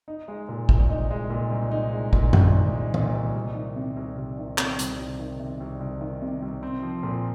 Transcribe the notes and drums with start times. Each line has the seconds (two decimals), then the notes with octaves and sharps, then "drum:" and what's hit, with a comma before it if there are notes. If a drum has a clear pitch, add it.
0.08 D#4
0.28 G#3
0.49 A#2
0.69 C2, drum: kick
0.90 D#4
1.11 G#3
1.30 A#2
1.51 C2
1.71 D#4
1.92 G#3
2.13 A#2, drum: kick
2.33 C2, drum: tom F#2
2.53 D#4
2.73 G#3
2.94 A#2, drum: tom
3.14 C2
3.35 C2
3.55 D#3
3.76 C3
3.96 C2
4.17 C2
4.38 D#3
4.58 C3, drum: clap
4.79 C2, drum: hi-hat
4.99 C2
5.19 D#3
5.40 C3
5.60 C2
5.81 C2
6.01 D#3
6.22 C3
6.42 C2
6.63 C4
6.82 F3
7.03 A#2